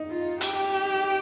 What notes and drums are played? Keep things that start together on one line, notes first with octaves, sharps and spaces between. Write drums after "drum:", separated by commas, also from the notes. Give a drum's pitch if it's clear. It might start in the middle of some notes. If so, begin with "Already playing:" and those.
Already playing: D#4
F4
G4, drum: hi-hat